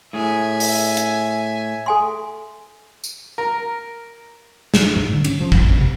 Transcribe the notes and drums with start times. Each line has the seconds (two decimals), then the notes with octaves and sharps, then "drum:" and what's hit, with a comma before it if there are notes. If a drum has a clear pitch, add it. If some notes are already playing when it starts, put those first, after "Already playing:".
0.13 A2 G#4 E5 G#5
0.60 drum: open hi-hat
0.97 drum: hi-hat
1.86 A4 G#5 C6
3.04 drum: tambourine
3.38 A#4
4.74 drum: snare
4.96 G#2
5.13 D3
5.24 C#4, drum: cymbal
5.40 F3
5.52 A1, drum: kick
5.69 E2
5.81 C3